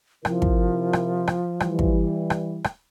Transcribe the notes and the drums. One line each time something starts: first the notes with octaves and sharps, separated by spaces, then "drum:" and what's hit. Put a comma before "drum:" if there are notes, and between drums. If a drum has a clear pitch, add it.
C3 F3 E4 A#4, drum: rim click
drum: kick
drum: rim click
drum: rim click
E3 G3, drum: rim click
drum: kick
drum: rim click
drum: rim click